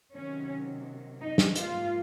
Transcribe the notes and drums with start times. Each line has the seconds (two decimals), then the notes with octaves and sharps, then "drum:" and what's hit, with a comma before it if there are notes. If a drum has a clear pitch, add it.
0.14 C3 D#3 F#3 C#4
1.20 D#4
1.38 drum: snare
1.56 G#2 F3 A#3 F4, drum: hi-hat